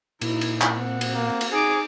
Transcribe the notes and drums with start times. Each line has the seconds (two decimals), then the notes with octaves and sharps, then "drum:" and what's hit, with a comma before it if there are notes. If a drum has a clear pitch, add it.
0.21 A#2 D#4 E4, drum: cymbal
0.41 drum: cymbal
0.61 drum: clap
0.73 C4 F#5
1.01 drum: cymbal
1.15 A#3
1.41 drum: cymbal
1.52 D#4 G#4 D6